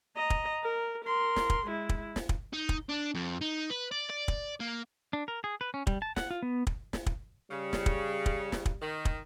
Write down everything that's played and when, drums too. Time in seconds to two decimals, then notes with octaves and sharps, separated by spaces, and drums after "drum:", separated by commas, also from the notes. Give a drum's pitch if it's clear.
0.16 D#5 A#5
0.30 drum: kick
0.63 A#4
1.05 A#4 C6
1.36 drum: snare
1.50 drum: kick
1.67 G#3 E4
1.89 drum: kick
2.16 drum: snare
2.29 drum: kick
2.53 D#4
2.69 drum: kick
2.89 D4
3.15 F2
3.41 D#4
3.70 B4
3.92 D5
4.10 D5
4.28 drum: kick
4.60 A#3
5.13 D4
5.28 A#4
5.44 G#4
5.61 B4
5.74 C#4
5.87 G3, drum: kick
6.02 A5
6.16 F#5, drum: snare
6.31 F4
6.42 B3
6.67 drum: kick
6.93 drum: snare
7.06 drum: kick
7.51 C#3 G3
7.73 drum: snare
7.86 drum: kick
8.26 drum: kick
8.52 drum: snare
8.66 drum: kick
8.81 D#3
9.05 drum: kick